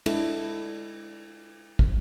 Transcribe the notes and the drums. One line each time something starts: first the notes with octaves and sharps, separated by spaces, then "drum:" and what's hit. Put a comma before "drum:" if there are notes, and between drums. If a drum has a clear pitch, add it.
G#3 D4 E4 A4, drum: cymbal
drum: kick